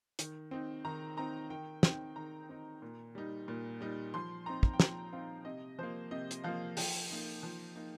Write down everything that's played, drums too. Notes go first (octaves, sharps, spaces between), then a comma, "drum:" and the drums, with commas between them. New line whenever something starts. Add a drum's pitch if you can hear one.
D#3, drum: hi-hat
C4 D#4
D#3 A#5
C4 D#4 A#5
D#3 G5
C4 D#4 G5, drum: snare
D#3 A#5
C4 D#4
A#2
G3 D#4
A#2
G3 D#4
F3 C6
C4 D#4 A#5
drum: kick
G5
F3 A#5, drum: snare
C4 D#4 F5
C3 D#5
F3 A#3 C5
C3 D#5
drum: hi-hat
F3 A#3 F5
F3 G5, drum: open hi-hat
A#3 D#4
F3
A#3 D#4